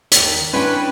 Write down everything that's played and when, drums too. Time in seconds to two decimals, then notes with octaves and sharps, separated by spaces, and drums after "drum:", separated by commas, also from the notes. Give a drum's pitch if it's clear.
0.12 D#2 C#5, drum: hi-hat
0.53 C#4 D4 E4 B4 G5 C6